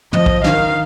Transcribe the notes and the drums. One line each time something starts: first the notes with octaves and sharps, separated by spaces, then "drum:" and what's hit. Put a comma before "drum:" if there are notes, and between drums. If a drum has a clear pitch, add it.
F3 D#5, drum: tom
drum: kick
D#3 F5, drum: snare